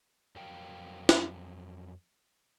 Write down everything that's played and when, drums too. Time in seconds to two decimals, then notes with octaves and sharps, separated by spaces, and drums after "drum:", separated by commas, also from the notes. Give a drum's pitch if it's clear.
0.36 F2 F#3 A#4 F5 G5
1.09 drum: snare